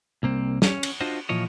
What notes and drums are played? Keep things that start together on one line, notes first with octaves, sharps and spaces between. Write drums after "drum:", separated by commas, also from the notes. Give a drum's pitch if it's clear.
C2 A#3 C4
C#4 C#5, drum: snare
drum: cymbal
D4 F4 F#4 C5 D#5
A#2 E3 F3 A#4 C#5 D#5